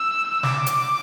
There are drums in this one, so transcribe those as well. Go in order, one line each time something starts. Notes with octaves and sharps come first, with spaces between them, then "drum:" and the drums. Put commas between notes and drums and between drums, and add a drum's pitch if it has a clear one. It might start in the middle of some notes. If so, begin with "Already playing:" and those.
Already playing: E6
D6, drum: snare
drum: hi-hat